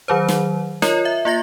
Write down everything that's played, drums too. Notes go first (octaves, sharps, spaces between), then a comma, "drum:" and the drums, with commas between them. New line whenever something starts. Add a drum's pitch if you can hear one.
D#3 F#3 C5
drum: snare
F4 A#4 C#5 D#5, drum: snare
E5
A#3 F4 E5 A#6